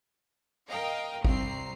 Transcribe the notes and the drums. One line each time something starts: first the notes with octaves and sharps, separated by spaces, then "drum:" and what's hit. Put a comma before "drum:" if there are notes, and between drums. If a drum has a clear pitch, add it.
A#4 D#5 F5 G5
C2 C4 A#5 C7, drum: kick